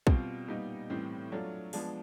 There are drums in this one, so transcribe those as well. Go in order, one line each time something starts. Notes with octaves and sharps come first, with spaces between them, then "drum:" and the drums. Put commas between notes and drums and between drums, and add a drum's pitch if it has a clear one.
B2 G3 C4 F4, drum: kick
A#2 G3 B3 D#4
A2 E3 G3 C4
F#3 A3 D4 F4
F3 G#3 B3 D4, drum: open hi-hat